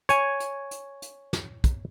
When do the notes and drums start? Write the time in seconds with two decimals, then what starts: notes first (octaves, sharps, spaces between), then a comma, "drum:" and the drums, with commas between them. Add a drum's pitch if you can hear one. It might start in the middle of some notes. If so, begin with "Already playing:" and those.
0.09 C#5 G#5, drum: hi-hat
0.40 drum: hi-hat
0.71 drum: hi-hat
1.02 drum: hi-hat
1.33 drum: snare
1.64 drum: kick, hi-hat